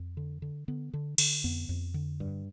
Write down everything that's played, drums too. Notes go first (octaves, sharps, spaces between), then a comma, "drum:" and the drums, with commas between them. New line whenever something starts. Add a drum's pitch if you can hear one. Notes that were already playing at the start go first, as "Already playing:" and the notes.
Already playing: F2
D3
D3
D3 B3
D3
D3, drum: cymbal
F2 B3
F2
D3
G2